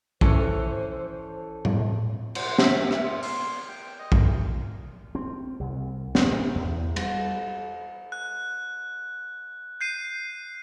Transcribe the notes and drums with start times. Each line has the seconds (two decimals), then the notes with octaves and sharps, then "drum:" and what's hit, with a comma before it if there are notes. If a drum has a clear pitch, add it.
0.21 E3 C#4 A4 C5 D5, drum: kick
1.65 drum: tom A2
2.35 C5, drum: cymbal
2.59 E5, drum: snare
2.91 E5, drum: rim click
3.03 F4
3.23 C6, drum: open hi-hat
3.68 G5
3.99 D#5
4.12 drum: kick
5.15 C4
5.60 C2
6.15 A#2, drum: snare
6.40 B3
6.55 E2
6.96 G3, drum: cymbal
8.12 F#6
9.81 G6 C7 D#7